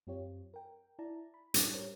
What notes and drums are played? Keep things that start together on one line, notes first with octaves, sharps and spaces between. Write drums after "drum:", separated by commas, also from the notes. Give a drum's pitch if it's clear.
F#2 C4 F4 G4 C#5
A#4 G5
E4 D5 A5 A#5
B5
A2 G3 C#4 D4, drum: hi-hat
G4 A#4 C5 C#5